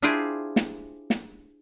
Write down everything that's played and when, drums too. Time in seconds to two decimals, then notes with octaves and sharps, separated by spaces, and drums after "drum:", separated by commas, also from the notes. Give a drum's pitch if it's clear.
0.02 D4 E4 F4 G4 G#4 C5
0.56 drum: snare
1.10 drum: snare